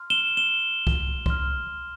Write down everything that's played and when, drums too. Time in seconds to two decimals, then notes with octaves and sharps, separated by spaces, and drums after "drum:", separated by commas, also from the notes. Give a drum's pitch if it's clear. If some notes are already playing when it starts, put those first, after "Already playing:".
Already playing: C6 F6
0.10 E7 G7
0.37 E7 G7
0.87 drum: kick
1.26 C6 F6, drum: kick